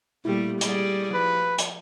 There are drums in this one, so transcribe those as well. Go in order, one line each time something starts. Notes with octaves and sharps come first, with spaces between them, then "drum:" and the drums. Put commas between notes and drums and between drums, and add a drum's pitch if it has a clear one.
A#2 G3 A3 E4 G4
G3 G#4 D5, drum: hi-hat
F3 B4
drum: hi-hat